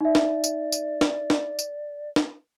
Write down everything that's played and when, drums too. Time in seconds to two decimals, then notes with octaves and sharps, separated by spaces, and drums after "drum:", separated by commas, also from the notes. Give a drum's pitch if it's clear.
0.01 D#4 D5 E5
0.15 drum: snare
0.44 drum: tambourine
0.72 drum: tambourine
1.01 drum: snare
1.30 drum: snare
1.59 drum: tambourine
2.16 drum: snare